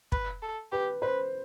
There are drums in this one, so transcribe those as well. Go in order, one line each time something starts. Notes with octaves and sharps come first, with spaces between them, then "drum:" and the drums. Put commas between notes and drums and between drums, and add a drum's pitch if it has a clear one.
B4, drum: kick
A4
G4 B4
B4 C5